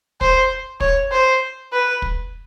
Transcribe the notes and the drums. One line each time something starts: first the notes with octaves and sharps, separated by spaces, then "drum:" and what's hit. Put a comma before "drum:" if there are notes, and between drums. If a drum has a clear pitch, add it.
C5, drum: kick
C#5, drum: kick
C5
B4
drum: kick